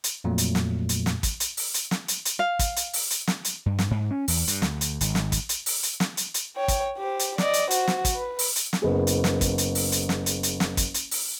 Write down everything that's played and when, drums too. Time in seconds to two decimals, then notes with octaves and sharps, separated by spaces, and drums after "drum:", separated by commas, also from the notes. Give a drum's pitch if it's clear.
0.04 drum: hi-hat
0.24 F2 A#2 F#3 A3
0.38 drum: hi-hat
0.55 drum: snare
0.89 drum: hi-hat
1.06 drum: snare
1.23 drum: kick, hi-hat
1.40 drum: hi-hat
1.57 drum: open hi-hat
1.74 drum: hi-hat
1.91 drum: snare
2.08 drum: hi-hat
2.25 drum: hi-hat
2.39 F5
2.59 drum: kick, hi-hat
2.76 drum: hi-hat
2.93 drum: open hi-hat
3.10 drum: hi-hat
3.27 drum: snare
3.45 drum: hi-hat
3.66 G2
3.79 drum: snare
3.91 G#2
4.11 C#4
4.28 E2, drum: open hi-hat
4.47 G2, drum: hi-hat
4.62 D2, drum: snare
4.81 drum: hi-hat
5.01 G#1, drum: hi-hat
5.15 drum: snare
5.32 drum: kick, hi-hat
5.49 drum: hi-hat
5.66 drum: open hi-hat
5.83 drum: hi-hat
6.00 drum: snare
6.17 drum: hi-hat
6.34 drum: hi-hat
6.57 C#5 G5
6.68 drum: kick, hi-hat
6.98 G4 C5
7.19 drum: hi-hat
7.38 D5 D#5, drum: snare
7.53 drum: hi-hat
7.71 F#4 C5, drum: hi-hat
7.88 drum: snare
8.05 drum: kick, hi-hat
8.14 B4
8.39 drum: open hi-hat
8.56 drum: hi-hat
8.73 drum: snare
8.82 F#1 B3 G#4
9.07 drum: hi-hat
9.24 drum: snare
9.41 drum: kick, hi-hat
9.58 drum: hi-hat
9.75 drum: open hi-hat
9.92 drum: hi-hat
10.09 drum: snare
10.26 drum: hi-hat
10.43 drum: hi-hat
10.60 drum: snare
10.77 drum: kick, hi-hat
10.94 drum: hi-hat
11.11 drum: open hi-hat